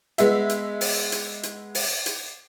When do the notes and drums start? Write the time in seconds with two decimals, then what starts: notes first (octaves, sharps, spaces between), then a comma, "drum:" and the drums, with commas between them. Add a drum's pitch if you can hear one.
0.18 G#3 B3 E5, drum: hi-hat
0.50 drum: hi-hat
0.81 drum: open hi-hat
1.12 drum: hi-hat
1.43 drum: hi-hat
1.75 drum: open hi-hat
2.06 drum: hi-hat